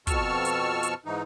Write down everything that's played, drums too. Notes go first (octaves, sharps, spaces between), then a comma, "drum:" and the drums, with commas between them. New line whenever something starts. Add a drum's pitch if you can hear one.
F2 B2 A5 C#6 E6 F6, drum: kick, hi-hat
drum: hi-hat
drum: hi-hat
G#2 E3 D#4